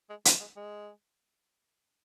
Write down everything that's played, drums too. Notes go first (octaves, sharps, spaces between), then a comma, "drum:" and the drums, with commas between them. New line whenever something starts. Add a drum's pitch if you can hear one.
G#3
F#3, drum: hi-hat
G#3
G#3